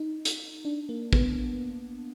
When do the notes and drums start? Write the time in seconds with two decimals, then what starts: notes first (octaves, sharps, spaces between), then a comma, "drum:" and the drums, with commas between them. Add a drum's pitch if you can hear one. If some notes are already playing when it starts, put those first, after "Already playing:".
Already playing: D#4
0.25 drum: hi-hat
0.65 D4
0.89 A#3
1.13 B3, drum: kick